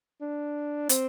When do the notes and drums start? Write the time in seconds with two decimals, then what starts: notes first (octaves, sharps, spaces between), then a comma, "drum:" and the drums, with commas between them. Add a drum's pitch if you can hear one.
0.21 D4
0.89 C4, drum: hi-hat